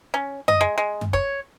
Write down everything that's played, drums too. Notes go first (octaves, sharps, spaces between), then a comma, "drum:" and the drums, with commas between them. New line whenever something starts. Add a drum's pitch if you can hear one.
C#4
D#5, drum: tom F#2
G#3
G#3
drum: tom F#2
C#5, drum: kick